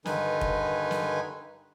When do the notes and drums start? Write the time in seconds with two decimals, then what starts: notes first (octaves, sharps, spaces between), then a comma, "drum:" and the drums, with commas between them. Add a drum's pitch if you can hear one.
0.05 G2 D3 D#3 D#4 B4 G#5, drum: snare
0.41 drum: kick
0.91 drum: snare